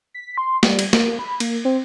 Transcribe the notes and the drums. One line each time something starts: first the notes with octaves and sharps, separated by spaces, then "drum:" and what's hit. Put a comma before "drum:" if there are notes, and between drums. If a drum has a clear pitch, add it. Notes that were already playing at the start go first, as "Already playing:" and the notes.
B6
C6
G3, drum: snare
drum: cymbal
A#3, drum: snare
B5
A#3, drum: cymbal
C4